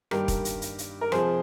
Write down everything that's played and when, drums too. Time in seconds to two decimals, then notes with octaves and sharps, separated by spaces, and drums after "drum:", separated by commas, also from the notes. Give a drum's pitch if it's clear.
0.11 G2 D#3 G3 A#3 G4 A#4, drum: rim click
0.28 drum: kick, hi-hat
0.45 drum: hi-hat
0.62 drum: hi-hat
0.78 drum: hi-hat
1.01 A#4
1.12 F2 C3 F3 G#4 C5, drum: rim click